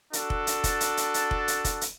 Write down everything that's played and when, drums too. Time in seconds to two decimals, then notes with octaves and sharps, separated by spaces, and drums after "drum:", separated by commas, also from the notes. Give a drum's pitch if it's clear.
0.13 D4 F#4 A4, drum: hi-hat
0.30 drum: kick F1
0.47 drum: hi-hat
0.64 drum: kick F1, hi-hat
0.80 drum: hi-hat
0.97 drum: hi-hat
1.14 drum: hi-hat
1.31 drum: kick F1
1.48 drum: hi-hat
1.64 drum: kick F1, hi-hat
1.81 drum: hi-hat